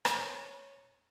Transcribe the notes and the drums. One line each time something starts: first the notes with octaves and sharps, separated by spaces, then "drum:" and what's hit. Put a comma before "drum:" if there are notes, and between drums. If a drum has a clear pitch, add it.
C#4 C#5, drum: rim click